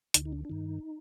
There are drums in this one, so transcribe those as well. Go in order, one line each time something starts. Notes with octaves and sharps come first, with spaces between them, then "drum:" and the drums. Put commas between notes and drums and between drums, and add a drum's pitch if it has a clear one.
D2 D3 D#4, drum: hi-hat
D#4
D4
D4
G2 D#3 D#4